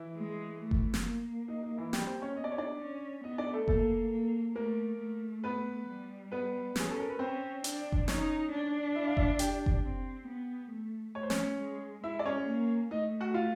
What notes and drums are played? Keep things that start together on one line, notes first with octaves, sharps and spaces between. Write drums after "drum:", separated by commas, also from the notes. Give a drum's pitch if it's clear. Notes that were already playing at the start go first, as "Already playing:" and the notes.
Already playing: E3 E4
G#3
A3
drum: kick F#1
drum: snare
A#3
D#4
D#4
E3 E4
G3 G4, drum: snare
C4 C5
C#4 C#5
B3 D#5
D5
C#5
D4 D5
C#4
B3 D#4 D#5
D4 D5
A3 A4
A3 A#3 A4, drum: kick F#1
A#3
A3 A#3 A#4
A3
B3 B4
G3
B3 B4
C#4 G#4, drum: snare
A4
A#4
B4
C4 C#4 C5
D4, drum: hi-hat
drum: kick F#1
C#4 D#4 C#5, drum: snare
D4
E4 E5
F5
E4 E5, drum: kick F#1
G4 G5, drum: hi-hat
drum: kick F#1
C4
B3
A3
A3 C#5
C5
C#4 C#5, drum: snare
G#3
G#3 E4 E5
D5
C#4 C#5
A#3
A3 D#4 D#5
F#4 F#5
F4 F5